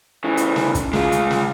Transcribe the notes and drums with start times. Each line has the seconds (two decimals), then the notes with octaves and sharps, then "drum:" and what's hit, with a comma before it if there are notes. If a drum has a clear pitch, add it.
0.24 C#3 E3
0.37 drum: hi-hat
0.56 drum: snare
0.75 drum: kick, hi-hat
0.93 G#3 F4, drum: snare
1.12 drum: hi-hat
1.31 drum: snare